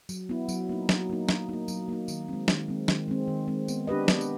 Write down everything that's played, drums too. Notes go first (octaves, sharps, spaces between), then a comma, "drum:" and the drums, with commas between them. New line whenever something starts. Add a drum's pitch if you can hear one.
F#3, drum: tambourine
B3 E4
F#3, drum: tambourine
A#3 D#4
F#3, drum: snare
A#3 D#4
F#3, drum: snare
A#3 D#4
F#3, drum: tambourine
A#3 D#4
D#3, drum: tambourine
G#3 C4
D#3, drum: snare
G#3 C4
D#3, drum: snare
G#3 C4
D#3
G#3 C4
B3, drum: tambourine
D4 G4 B4 D#5
B3, drum: snare
drum: tambourine